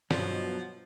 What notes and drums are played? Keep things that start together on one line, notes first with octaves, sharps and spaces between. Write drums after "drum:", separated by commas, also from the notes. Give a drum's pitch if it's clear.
G2 B2 F3 F#3, drum: snare